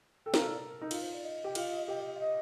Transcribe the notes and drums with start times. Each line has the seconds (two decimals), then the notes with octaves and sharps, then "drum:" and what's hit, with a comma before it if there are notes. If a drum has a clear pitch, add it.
0.26 A4 G5
0.34 A#4, drum: snare
0.37 A4 F5
0.47 D5
0.58 A#4
0.81 D#4
0.91 F4 A#4, drum: cymbal
1.02 C5
1.13 D5
1.24 D#5
1.44 G4
1.55 F4, drum: cymbal
1.88 G4
2.14 F5
2.19 D#5